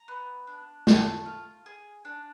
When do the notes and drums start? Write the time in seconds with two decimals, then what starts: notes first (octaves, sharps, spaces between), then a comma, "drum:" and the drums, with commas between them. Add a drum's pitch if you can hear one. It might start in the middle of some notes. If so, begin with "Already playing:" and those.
Already playing: A#5
0.08 B3
0.47 D4
0.87 A3, drum: snare
1.26 F4
1.66 G#4
2.05 D4